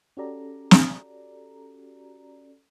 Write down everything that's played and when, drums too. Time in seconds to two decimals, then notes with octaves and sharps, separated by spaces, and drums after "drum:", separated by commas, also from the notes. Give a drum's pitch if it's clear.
0.17 C#4 F#4 G4 A4 D5 A#5
0.71 drum: snare